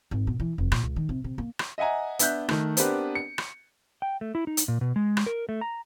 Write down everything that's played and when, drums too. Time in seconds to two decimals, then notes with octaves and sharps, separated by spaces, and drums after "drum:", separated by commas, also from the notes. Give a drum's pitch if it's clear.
0.11 G#1
0.27 B2
0.40 E3
0.58 F1
0.72 A#2, drum: rim click
0.83 C#2
0.96 D#3
1.09 C3
1.24 C3
1.38 A#3
1.59 drum: rim click
1.78 D#5 E5 F#5 G#5 A#5
2.19 B3 D4 E5 F#6 G6, drum: hi-hat
2.49 D#3 A3, drum: rim click
2.77 B3 C4 D4 G4 A#4 B4, drum: hi-hat
3.15 C#7
3.38 drum: rim click
4.02 G5
4.21 A3
4.35 E4
4.47 D#4
4.57 drum: hi-hat
4.68 A#2
4.81 B2
4.96 G#3
5.17 drum: rim click
5.26 A#4
5.49 A3
5.61 A#5